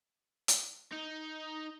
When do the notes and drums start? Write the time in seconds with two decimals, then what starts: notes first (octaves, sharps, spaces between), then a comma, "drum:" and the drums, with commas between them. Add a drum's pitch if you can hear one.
0.48 drum: hi-hat
0.92 D#4